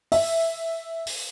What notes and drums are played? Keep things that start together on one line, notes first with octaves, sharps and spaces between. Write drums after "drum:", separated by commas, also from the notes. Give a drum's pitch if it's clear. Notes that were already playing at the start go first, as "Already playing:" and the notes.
E5, drum: open hi-hat
drum: open hi-hat